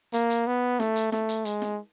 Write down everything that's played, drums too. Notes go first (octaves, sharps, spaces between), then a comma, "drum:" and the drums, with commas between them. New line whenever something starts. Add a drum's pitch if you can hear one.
A#3, drum: hi-hat
drum: hi-hat
B3
A3, drum: snare
drum: hi-hat
A3, drum: snare
drum: hi-hat
G#3, drum: hi-hat
drum: snare